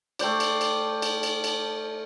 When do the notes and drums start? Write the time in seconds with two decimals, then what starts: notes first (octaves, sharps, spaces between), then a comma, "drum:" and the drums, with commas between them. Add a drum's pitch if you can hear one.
0.19 A3 G4 C5 D5, drum: cymbal
0.40 drum: cymbal
0.61 drum: cymbal
1.02 drum: cymbal
1.23 drum: cymbal
1.44 drum: cymbal